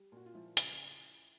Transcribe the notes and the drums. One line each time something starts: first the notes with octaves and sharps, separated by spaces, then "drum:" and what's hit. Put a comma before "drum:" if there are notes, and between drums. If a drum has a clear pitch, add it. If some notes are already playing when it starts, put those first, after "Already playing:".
Already playing: G3
A#2 F#4
F4
F3 E4
C#3, drum: hi-hat